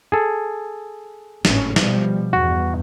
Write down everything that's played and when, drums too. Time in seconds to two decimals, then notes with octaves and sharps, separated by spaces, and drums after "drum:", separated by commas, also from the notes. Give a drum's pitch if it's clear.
0.12 G#4 A4
1.45 G#1 A2 C#4, drum: snare
1.76 B2 F3 G3, drum: snare
2.33 E2 G2 F#4